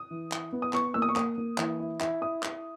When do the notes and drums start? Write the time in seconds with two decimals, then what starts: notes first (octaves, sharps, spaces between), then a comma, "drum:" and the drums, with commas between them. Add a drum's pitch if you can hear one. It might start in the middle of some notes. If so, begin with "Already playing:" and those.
Already playing: D#6
0.11 E3
0.32 E4, drum: clap
0.52 B3
0.62 D#6
0.73 B3 C#6, drum: clap
0.94 A#3 E6
1.02 D#6
1.09 C#6
1.16 A#3 D#6, drum: clap
1.38 A#3
1.58 E3, drum: clap
1.80 E4
2.00 E4, drum: clap
2.22 E4 D#6
2.43 E4, drum: clap